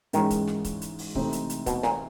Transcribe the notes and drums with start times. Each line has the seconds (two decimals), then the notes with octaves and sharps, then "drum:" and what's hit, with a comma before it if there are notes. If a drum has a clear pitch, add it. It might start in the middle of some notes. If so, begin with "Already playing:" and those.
0.13 G#2 D#3 E3 G#3 C#4, drum: hi-hat
0.30 drum: kick C#1, hi-hat
0.47 drum: snare
0.65 drum: kick C#1, hi-hat
0.82 drum: hi-hat
0.99 drum: open hi-hat
1.15 C3 E3 A3 C4 D#4, drum: kick C#1
1.33 drum: hi-hat
1.50 drum: hi-hat
1.66 B2, drum: kick C#1, hi-hat
1.83 A#2, drum: snare